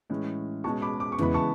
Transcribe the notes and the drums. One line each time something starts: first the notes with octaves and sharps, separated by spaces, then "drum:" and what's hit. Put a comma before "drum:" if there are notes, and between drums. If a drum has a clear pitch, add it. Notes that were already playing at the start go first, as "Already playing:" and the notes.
A2 E3 G#3 C#4
B2 G#3 C#4 A5 C#6
B5 D6
D6
C#6
C#3 E3 G#3 B3 B5, drum: tom E2
A5 C#6